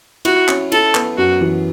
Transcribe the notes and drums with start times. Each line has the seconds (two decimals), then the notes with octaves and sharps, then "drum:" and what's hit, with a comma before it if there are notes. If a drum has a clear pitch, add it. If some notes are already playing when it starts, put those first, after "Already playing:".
0.25 E4 F#4, drum: cymbal
0.48 C#4, drum: clap
0.72 E4 A4, drum: cymbal
0.95 B3, drum: clap
1.17 F#2 F#4
1.41 E3